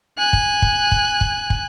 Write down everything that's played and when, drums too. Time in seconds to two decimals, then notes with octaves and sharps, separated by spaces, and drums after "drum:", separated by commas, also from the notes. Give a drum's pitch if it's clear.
0.18 G#5 F#6
0.33 drum: kick
0.62 drum: kick
0.92 drum: kick
1.21 drum: kick
1.50 drum: kick